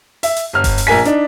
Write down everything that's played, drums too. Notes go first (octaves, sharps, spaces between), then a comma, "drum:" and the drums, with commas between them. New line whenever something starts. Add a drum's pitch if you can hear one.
E5, drum: open hi-hat
drum: hi-hat
G1 F6
drum: kick F1, open hi-hat
drum: open hi-hat
A#1 A#4 G#5 B6
D4 D#4, drum: hi-hat